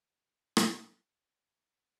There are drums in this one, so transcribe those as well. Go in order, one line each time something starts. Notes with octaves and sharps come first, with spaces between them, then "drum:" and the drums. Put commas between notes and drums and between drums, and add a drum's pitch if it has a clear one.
F3 C6 A6
drum: rim click
E4 F5 C6